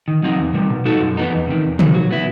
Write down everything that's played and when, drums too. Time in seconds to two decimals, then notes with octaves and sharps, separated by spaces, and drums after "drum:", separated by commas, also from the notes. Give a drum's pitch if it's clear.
0.08 D#3
0.23 F#3 C4 D#4
0.39 E2
0.54 C3 D#3 G3
0.70 B2
0.85 G3 D#4 F#4 A4
1.01 F#2
1.17 E3 B3 D#4
1.33 E2
1.47 C3 D#3
1.64 E2
1.79 D#3 F#3, drum: tom
1.95 F#3
2.11 B3 E4